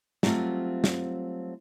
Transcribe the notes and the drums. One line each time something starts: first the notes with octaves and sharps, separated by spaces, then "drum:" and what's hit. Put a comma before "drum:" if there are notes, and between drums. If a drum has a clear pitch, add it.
F#3 G3 A3 C4 F4, drum: snare
drum: snare